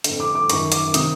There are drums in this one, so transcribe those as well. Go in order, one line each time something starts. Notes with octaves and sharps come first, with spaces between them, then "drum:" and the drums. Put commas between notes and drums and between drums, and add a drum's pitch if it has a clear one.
D3, drum: hi-hat
F2
D6
D6
F#2 D#3 C#6, drum: hi-hat
D6, drum: hi-hat
C3 D#3 D#6, drum: hi-hat